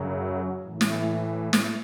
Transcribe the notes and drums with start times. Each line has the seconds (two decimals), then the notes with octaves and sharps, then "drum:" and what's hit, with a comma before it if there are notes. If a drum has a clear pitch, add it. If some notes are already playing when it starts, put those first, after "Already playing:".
Already playing: F#2 C#3 F#3
0.62 A2 E3
0.81 drum: snare
1.53 drum: snare